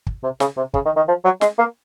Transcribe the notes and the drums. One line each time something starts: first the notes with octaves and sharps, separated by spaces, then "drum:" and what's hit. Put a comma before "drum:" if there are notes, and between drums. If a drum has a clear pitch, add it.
drum: kick
C3
C#3, drum: snare
C3
C#3, drum: kick
D#3
D#3
F3
F#3
G#3, drum: snare
A#3